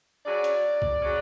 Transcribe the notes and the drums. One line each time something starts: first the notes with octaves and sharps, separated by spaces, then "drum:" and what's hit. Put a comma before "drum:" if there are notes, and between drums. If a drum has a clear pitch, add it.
C#3 F#3 C#4 D5
drum: hi-hat
drum: kick B1
C#3 F#3 C#4